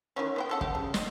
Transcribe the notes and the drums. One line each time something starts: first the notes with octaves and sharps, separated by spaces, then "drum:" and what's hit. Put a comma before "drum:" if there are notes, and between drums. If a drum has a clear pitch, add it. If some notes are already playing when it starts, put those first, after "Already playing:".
D#3 E3 C#4
B3 C5 G5
C#3 A4 F#5
G4, drum: kick F#1
C#3
D#5, drum: snare